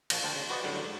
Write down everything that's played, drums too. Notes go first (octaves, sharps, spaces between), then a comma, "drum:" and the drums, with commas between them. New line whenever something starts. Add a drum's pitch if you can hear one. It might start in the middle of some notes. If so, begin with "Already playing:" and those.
A#1 A#2 F3, drum: cymbal
D2 C5 G5 A5
C#3
F#4 B4 C5 D5 D#5 F#5
F#2 A2 D3 F#3 G3
G#2